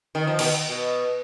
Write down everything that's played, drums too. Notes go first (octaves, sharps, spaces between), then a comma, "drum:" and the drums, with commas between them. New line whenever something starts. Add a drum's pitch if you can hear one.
D#3
F3
B2 D#3, drum: cymbal
B2